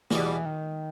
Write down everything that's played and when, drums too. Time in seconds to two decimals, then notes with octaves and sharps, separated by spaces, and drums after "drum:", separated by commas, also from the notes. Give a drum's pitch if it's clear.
0.11 E2 B2 E3 G3, drum: snare
0.45 D#3